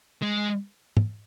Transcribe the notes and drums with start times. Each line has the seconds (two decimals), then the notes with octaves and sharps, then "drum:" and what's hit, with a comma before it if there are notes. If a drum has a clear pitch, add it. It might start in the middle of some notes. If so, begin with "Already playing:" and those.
0.22 G#3
0.97 drum: tom